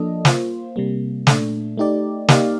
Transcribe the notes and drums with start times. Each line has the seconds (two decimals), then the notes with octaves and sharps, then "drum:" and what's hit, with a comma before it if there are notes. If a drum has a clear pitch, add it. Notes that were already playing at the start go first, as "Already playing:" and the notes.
Already playing: F3 A#3 D4 A4 D#5
0.25 A#3 F4 C5, drum: snare
0.76 C3 G3 A#3
1.27 A#2 A3 D4, drum: snare
1.77 A3 D#4 G4 D5
2.29 A#3 D#4 G4 D5 F5, drum: snare